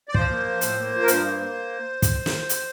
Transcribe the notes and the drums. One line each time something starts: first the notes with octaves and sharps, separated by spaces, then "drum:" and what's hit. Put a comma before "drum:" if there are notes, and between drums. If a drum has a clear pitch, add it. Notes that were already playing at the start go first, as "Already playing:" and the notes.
D5
F3 C5, drum: kick
A#3
F3
A2, drum: hi-hat
A#3
F3
A#4
G2 C5, drum: hi-hat
A#3
A#3
drum: kick, hi-hat
drum: snare
drum: hi-hat